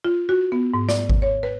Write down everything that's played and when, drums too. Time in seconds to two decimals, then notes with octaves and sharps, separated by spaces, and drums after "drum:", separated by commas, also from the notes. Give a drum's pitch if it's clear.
0.04 F4
0.29 F#4
0.52 B3
0.74 G#2
0.89 D5, drum: snare
1.09 drum: kick G#1
1.22 C#5
1.43 B4